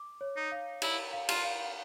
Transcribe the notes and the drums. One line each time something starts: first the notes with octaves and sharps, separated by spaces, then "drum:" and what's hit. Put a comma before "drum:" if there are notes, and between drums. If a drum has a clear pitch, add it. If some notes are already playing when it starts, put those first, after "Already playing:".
Already playing: D6
C#5
D#4
F5
E4 C#5, drum: cymbal
F5
F4, drum: cymbal
F5